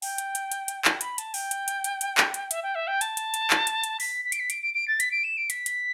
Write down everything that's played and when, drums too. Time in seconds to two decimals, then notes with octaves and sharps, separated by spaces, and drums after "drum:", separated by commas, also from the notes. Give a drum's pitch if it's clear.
0.02 G5, drum: open hi-hat
0.18 drum: hi-hat
0.35 drum: hi-hat
0.52 drum: hi-hat
0.68 drum: hi-hat
0.85 drum: clap
1.01 B5, drum: hi-hat
1.18 A5, drum: hi-hat
1.34 G5, drum: open hi-hat
1.51 drum: hi-hat
1.68 drum: hi-hat
1.84 drum: hi-hat
2.01 drum: hi-hat
2.18 drum: clap
2.34 drum: hi-hat
2.51 E5, drum: hi-hat
2.63 G5
2.75 E5
2.87 G5
3.01 A5, drum: hi-hat
3.17 drum: hi-hat
3.34 drum: hi-hat
3.50 drum: clap
3.67 drum: hi-hat
3.84 drum: hi-hat
4.00 B6, drum: open hi-hat
4.25 B6
4.32 D7, drum: hi-hat
4.40 B6
4.50 D7, drum: hi-hat
4.63 D7
4.74 D7
4.88 A6
5.00 B6, drum: hi-hat
5.12 D7
5.24 E7
5.37 D7
5.50 B6, drum: hi-hat
5.66 drum: hi-hat